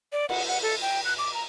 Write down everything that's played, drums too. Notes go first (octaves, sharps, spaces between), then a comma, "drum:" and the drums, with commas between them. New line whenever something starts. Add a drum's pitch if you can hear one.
D5
F#5, drum: cymbal
F#5
A4
G5
F#6
D6
A#5